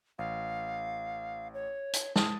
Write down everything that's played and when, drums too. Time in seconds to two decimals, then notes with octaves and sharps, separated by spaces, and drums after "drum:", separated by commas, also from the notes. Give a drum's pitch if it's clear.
0.19 A1 F5
1.54 C#5
1.93 drum: hi-hat
2.16 A5 D#6, drum: snare